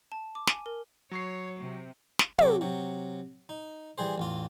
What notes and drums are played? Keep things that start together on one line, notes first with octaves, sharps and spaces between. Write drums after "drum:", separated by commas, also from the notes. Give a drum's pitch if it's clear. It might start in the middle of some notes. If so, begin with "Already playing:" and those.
A5
D6
G#5, drum: snare
A#4
F#3 C#5 C#6 C7
C3
drum: snare
C3 F#3 A4 D6, drum: tom
C3 F#3
D#4
E3 G3 G#4 C5
A1 E2 F4